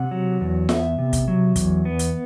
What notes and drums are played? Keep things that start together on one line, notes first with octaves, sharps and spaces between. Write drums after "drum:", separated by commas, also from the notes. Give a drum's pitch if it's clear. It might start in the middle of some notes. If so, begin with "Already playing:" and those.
Already playing: C3 F#5
F#3
E2
B3 E5, drum: snare F4
C3
drum: kick, hi-hat
F#3
E2, drum: kick, hi-hat
B3
drum: hi-hat